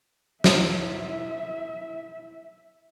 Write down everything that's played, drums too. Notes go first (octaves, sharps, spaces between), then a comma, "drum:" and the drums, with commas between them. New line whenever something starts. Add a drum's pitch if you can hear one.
E4 E5, drum: snare